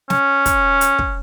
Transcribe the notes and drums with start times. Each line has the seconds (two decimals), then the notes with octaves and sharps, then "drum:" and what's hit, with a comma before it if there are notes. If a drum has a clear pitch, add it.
0.10 C#4, drum: snare
0.46 drum: kick, hi-hat
0.81 drum: hi-hat
0.99 drum: kick